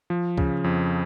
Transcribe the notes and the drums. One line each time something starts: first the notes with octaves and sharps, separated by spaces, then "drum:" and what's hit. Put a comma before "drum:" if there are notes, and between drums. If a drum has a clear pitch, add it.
F3
C#3, drum: kick C#2
F2